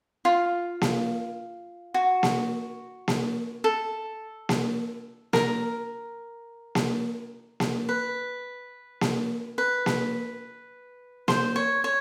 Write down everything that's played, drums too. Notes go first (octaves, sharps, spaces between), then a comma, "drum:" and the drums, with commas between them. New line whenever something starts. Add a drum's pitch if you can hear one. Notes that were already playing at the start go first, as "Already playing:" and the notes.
F4
drum: snare A#3
F#4
drum: snare A#3
drum: snare A#3
A4
drum: snare A#3
A#4, drum: snare A#3
drum: snare A#3
drum: snare A#3
B4
drum: snare A#3
B4
drum: snare A#3
C5, drum: snare A#3
C#5
C#5